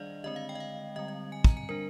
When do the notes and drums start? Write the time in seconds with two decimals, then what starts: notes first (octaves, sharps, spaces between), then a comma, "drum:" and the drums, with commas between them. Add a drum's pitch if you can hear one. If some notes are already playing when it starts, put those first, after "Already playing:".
Already playing: D#3 G3 D4 D5 D#5 F5
0.24 D3 G#3 C4 D#5
0.36 F5
0.49 G5
0.55 D#5
0.60 F5
0.96 D3 G3 C4 D#5
1.08 D#5
1.32 G#5
1.44 A#5, drum: kick
1.57 G#5
1.69 G3 D4 A#4